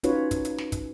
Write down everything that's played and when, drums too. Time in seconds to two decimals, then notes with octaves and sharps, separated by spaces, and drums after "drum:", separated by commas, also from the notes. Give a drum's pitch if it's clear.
0.04 C#4 D#4 F4 F#4 B4 C#5, drum: hi-hat
0.31 drum: kick, hi-hat
0.45 drum: hi-hat
0.58 drum: snare
0.72 drum: kick, hi-hat